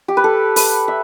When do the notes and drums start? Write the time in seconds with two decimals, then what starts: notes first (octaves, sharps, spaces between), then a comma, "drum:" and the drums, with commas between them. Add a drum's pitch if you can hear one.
0.08 G4
0.17 B4
0.24 A4
0.56 B4, drum: open hi-hat
0.88 E5